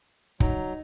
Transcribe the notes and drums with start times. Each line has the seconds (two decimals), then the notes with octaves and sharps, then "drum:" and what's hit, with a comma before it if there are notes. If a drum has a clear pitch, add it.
0.40 F#3 D#4, drum: kick